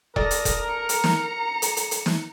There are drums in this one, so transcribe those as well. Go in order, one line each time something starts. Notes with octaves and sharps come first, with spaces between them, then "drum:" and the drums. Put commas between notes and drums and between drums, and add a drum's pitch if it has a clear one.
A4 A#4 D5 D#6 A#6, drum: kick E1
drum: hi-hat
drum: kick E1, hi-hat
A#5 C#7
drum: hi-hat
drum: snare
drum: hi-hat
drum: hi-hat
drum: hi-hat
drum: snare